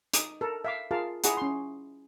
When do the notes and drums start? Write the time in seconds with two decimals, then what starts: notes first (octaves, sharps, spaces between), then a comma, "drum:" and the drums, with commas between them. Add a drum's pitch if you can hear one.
0.14 D#4 D6 D#6, drum: hi-hat
0.41 A4 A#4
0.65 E5 F5 D6
0.91 F4 G#4 A#4 F5 A5 D6
1.24 E4 G#4 F#5 A#5, drum: hi-hat
1.37 C#4 C6